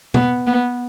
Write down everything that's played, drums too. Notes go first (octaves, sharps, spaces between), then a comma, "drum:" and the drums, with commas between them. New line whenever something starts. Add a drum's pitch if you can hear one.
B3, drum: tom B2
B3